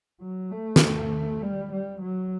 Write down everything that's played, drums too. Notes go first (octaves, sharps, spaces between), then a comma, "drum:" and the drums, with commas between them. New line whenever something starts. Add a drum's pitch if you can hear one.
F#3
A3
drum: snare
G3
G3
F#3